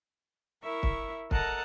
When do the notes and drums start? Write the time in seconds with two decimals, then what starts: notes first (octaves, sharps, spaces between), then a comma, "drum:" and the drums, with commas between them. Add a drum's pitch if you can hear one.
0.62 E4 A#4 E5 C#6
0.83 drum: kick
1.31 A4 A#4 D#5 F#5 A5 A#5, drum: kick